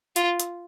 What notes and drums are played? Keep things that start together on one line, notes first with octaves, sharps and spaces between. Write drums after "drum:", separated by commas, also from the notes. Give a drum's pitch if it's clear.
F4, drum: hi-hat
drum: hi-hat